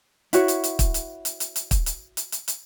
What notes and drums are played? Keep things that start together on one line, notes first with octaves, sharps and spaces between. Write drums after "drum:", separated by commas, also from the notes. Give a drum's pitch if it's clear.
E4 F#4 C#5, drum: hi-hat
drum: hi-hat
drum: hi-hat
drum: kick, hi-hat
drum: hi-hat
drum: hi-hat
drum: hi-hat
drum: hi-hat
drum: kick, hi-hat
drum: hi-hat
drum: hi-hat
drum: hi-hat
drum: hi-hat